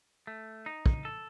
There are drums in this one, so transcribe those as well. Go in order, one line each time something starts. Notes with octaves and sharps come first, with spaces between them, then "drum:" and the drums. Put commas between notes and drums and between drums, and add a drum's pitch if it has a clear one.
A3
D#4
drum: kick
A4